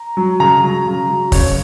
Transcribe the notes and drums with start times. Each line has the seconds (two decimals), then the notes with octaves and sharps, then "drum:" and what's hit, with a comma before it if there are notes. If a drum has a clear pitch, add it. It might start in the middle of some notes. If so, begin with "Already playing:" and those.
Already playing: A#5
0.17 F#3
0.40 C#3 A#5
0.63 F#3
0.86 C#3
1.09 F#3
1.32 C#3 C#5, drum: kick, open hi-hat